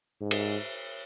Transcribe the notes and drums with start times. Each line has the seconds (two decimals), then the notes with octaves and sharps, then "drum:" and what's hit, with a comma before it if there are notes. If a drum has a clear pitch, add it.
0.21 G#2
0.31 drum: cymbal